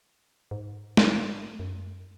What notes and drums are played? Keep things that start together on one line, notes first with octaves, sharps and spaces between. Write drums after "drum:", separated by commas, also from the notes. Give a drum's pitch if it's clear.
G#2
drum: snare
F#2